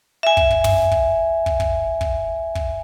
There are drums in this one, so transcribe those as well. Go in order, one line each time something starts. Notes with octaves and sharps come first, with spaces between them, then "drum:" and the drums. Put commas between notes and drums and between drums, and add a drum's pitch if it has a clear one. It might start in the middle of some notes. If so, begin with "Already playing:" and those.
E5 G#5
drum: kick
drum: kick
drum: tom
drum: kick
drum: kick
drum: kick
drum: kick
drum: kick